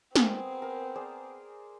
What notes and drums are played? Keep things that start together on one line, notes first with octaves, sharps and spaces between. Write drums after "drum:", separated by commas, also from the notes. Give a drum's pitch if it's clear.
B3 C4 G#4 A#4, drum: snare
A#4
G#4 C5 D5